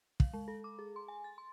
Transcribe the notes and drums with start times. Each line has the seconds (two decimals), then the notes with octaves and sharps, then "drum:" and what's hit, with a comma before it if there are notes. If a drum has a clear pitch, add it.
0.20 F5, drum: kick
0.33 G#3
0.48 A4
0.64 D6
0.79 G#4
0.96 C6
1.08 G#5
1.24 A6
1.38 C6